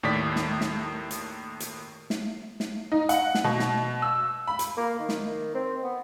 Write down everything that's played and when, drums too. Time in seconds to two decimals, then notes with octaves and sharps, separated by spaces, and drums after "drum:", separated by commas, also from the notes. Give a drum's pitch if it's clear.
0.03 D#2 A2 D#3 D5 B6
0.36 drum: snare
0.61 drum: snare
1.11 drum: hi-hat
1.60 drum: hi-hat
2.10 drum: snare
2.60 drum: snare
2.92 D#4
3.09 F#5, drum: hi-hat
3.35 drum: snare
3.44 B2
3.59 drum: snare
4.02 E6
4.47 B5
4.59 drum: hi-hat
4.77 A#3
4.99 D#3
5.09 drum: snare
5.55 C4
5.83 B3